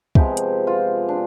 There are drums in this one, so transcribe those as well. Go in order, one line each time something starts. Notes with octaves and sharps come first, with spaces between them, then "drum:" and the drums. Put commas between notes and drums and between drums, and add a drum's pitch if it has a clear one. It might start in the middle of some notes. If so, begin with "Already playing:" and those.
C3 F3 G#3 B3 G4, drum: kick
drum: hi-hat
F4
D4